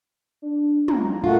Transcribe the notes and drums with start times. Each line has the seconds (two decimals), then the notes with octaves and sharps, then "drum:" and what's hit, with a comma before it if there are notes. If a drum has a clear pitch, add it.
0.42 D4
0.88 A#5, drum: tom
1.24 A#2 A3 F4 F#4